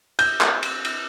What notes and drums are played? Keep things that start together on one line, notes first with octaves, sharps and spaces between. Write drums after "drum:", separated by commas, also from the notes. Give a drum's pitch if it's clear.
G6, drum: cymbal
drum: clap
drum: cymbal
drum: cymbal